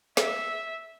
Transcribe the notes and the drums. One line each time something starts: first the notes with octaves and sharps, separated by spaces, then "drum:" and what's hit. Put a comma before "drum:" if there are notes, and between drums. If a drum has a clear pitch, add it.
E5, drum: snare